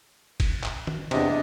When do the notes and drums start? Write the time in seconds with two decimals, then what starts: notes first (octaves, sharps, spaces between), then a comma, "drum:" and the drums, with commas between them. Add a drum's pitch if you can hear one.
0.40 drum: kick, cymbal
0.64 drum: clap
0.87 drum: tom
1.11 E2 C3 D4 D#5, drum: cymbal